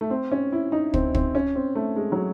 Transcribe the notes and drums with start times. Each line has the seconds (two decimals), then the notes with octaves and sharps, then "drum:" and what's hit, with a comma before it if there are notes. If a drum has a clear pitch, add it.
0.01 A3
0.10 C4
0.32 C#4
0.52 E4
0.72 D#4
0.94 C4, drum: kick
1.15 C4, drum: kick
1.35 C#4
1.55 C4
1.75 A3
1.96 G#3
2.12 F#3